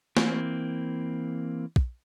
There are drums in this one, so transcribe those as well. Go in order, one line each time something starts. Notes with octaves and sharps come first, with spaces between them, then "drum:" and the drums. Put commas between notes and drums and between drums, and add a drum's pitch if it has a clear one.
E3 A#3 C4, drum: snare A3
drum: kick